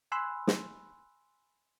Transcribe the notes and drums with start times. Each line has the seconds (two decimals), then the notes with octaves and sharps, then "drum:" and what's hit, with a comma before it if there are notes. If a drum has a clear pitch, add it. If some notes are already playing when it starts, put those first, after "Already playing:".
0.12 G#5 B5 C6 E6 F#6
0.47 drum: snare